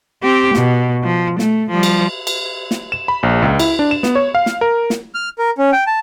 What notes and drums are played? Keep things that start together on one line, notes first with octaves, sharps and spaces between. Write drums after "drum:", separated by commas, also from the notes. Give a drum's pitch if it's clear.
C4 G4
B2, drum: snare
F3
A3, drum: snare
F3 G3
drum: cymbal
drum: cymbal
drum: snare
E7
B5
A#1
C#2
E4, drum: cymbal
D4
E7
B3, drum: snare
C#5
F5
drum: snare
A#4
drum: snare
F6
A#4
C#4
G5
A5